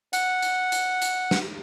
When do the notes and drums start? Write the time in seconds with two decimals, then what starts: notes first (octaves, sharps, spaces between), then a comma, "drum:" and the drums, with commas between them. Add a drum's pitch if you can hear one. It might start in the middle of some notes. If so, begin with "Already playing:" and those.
0.13 F#5, drum: hi-hat
0.42 drum: hi-hat
0.72 drum: hi-hat
1.02 drum: hi-hat
1.31 drum: snare